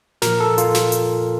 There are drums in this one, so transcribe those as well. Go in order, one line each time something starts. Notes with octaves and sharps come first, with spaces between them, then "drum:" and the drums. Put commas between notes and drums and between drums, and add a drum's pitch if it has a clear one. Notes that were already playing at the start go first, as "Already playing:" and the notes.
A#2 F3 A#4, drum: snare
A4
F4, drum: hi-hat
drum: snare
drum: hi-hat